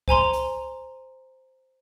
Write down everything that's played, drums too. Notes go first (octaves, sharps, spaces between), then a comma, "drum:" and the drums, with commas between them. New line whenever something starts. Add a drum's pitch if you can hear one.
C5 G#5 A#5 C6, drum: kick C2
drum: hi-hat